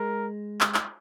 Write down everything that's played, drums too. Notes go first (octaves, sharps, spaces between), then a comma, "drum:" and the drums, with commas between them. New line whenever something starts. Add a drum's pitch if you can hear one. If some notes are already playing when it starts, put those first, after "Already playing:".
Already playing: G#3 A#4
drum: clap
drum: clap